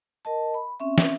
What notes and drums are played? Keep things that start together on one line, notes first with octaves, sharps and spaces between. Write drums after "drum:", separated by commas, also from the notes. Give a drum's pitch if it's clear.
A#4 D#5 A5
B5
C4 C#4 E5
drum: snare